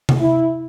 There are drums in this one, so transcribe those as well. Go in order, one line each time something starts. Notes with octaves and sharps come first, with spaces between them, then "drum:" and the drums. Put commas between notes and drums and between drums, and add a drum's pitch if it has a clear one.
drum: tom C3
E4